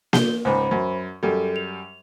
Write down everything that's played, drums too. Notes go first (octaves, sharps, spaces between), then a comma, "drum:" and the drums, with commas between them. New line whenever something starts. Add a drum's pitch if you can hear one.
G6 G7, drum: snare A#3
C#2 G#2 C5 B5
F#2
F#2 G3 A4
F7